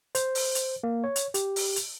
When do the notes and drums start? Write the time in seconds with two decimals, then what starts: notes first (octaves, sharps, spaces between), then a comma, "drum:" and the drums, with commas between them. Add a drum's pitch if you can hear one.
0.15 C5, drum: hi-hat
0.35 drum: open hi-hat
0.55 drum: hi-hat
0.83 A#3
1.04 C#5
1.16 drum: hi-hat
1.34 G4, drum: hi-hat
1.56 drum: open hi-hat
1.76 drum: hi-hat